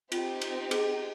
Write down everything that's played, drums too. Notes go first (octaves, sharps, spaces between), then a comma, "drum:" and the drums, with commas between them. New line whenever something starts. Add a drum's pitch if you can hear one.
C4 D#4 F4 G4, drum: cymbal
drum: cymbal
G#4, drum: cymbal